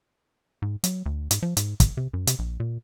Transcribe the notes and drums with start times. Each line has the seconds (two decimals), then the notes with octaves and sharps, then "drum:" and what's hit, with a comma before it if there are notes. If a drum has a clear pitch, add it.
0.62 G#2
0.84 F#3, drum: hi-hat
1.06 D2
1.31 G#2, drum: hi-hat
1.43 F3
1.57 G#2, drum: hi-hat
1.80 G#1, drum: kick, hi-hat
1.97 C3
2.14 F#2
2.27 C3, drum: hi-hat
2.39 A#1
2.60 A#2